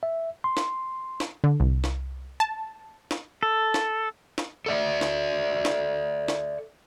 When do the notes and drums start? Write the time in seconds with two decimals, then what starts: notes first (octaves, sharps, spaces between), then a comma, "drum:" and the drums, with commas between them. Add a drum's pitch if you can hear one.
0.03 E5
0.44 C6
0.57 drum: snare
1.20 drum: snare
1.44 D3
1.60 C2
1.84 drum: snare
2.40 A5
3.11 drum: snare
3.43 A4
3.74 drum: snare
4.38 drum: snare
4.66 A4 D5 E5
5.01 drum: snare
5.65 drum: snare
6.28 drum: snare